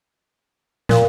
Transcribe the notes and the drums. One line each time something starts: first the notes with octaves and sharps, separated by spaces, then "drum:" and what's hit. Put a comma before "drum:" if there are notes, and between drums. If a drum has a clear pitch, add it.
A#2 A#4 F5, drum: snare